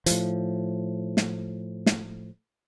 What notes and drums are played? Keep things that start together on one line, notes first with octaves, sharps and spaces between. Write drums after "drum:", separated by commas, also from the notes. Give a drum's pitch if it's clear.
A2 F3, drum: hi-hat
drum: snare
drum: snare